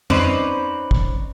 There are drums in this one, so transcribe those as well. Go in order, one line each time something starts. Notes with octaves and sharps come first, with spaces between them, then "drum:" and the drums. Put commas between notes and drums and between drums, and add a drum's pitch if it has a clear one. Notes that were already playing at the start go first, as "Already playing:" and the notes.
C4 C#4 D#4 B4 C5 D5, drum: tom F2
drum: kick